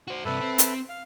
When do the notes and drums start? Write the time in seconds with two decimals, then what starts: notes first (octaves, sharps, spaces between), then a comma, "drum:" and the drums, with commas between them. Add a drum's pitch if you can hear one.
0.08 F#4 C5
0.25 G2 C3 A4 B4 E5
0.41 C4
0.58 drum: hi-hat
0.89 F5